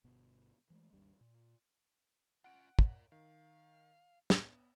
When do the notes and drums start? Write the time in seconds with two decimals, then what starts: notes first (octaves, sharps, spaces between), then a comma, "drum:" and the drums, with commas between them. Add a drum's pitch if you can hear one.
0.04 G1 B2 B3
0.70 E3 G#3 A3
0.92 G#1 D#2 G3 D4
1.21 A#2
2.44 C#4 F4 F#5 D7
2.79 A#4 D5, drum: kick
3.12 D#3 F5
4.30 B3, drum: snare